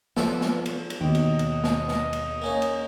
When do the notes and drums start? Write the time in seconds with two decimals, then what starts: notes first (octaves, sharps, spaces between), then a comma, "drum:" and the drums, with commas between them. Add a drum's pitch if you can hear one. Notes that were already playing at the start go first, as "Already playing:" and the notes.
0.17 F3 B3 A4 C5 D5, drum: snare
0.41 drum: snare
0.66 drum: cymbal
0.90 drum: cymbal
1.01 D#2 B2 D#5 G5
1.15 drum: cymbal
1.39 drum: cymbal
1.64 drum: snare
1.88 drum: snare
2.13 drum: cymbal
2.42 A#3 C#4 D#4
2.62 drum: cymbal